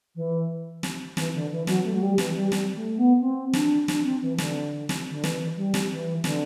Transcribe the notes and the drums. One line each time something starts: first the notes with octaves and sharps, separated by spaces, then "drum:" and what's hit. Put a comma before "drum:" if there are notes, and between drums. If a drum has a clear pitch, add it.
E3
drum: snare
E3, drum: snare
D3
E3
F#3, drum: snare
A3
F#3
G3
E3, drum: snare
G3
G3, drum: snare
A3
B3
C4
D4, drum: snare
D4, drum: snare
C4
E3
D3, drum: snare
drum: snare
D3
E3, drum: snare
G3
drum: snare
E3
D3, drum: snare